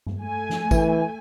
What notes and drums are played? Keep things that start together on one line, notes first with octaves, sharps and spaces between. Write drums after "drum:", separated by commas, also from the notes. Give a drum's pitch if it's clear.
drum: tom G2
A3 G#5
drum: snare
E3, drum: kick G#1, tambourine